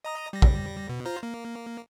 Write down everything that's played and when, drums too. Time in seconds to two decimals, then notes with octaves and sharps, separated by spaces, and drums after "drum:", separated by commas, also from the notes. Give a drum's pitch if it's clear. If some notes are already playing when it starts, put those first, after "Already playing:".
0.05 D#5 A#5 D#6
0.33 G3 A#6
0.42 drum: kick
0.89 B2
1.05 F4 C5 A#5
1.23 A#3